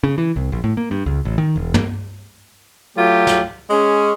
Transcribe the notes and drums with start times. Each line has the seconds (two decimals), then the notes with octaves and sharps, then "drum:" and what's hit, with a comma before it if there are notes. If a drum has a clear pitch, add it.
0.04 C#3
0.18 E3
0.36 C2
0.52 A#1
0.64 A2
0.77 A#3
0.91 G2
1.06 C#2
1.25 A1
1.38 D#3
1.56 E1
1.74 A#3, drum: tom
2.97 F#3 A3 F4 G4
3.27 drum: snare
3.70 G#3 C#4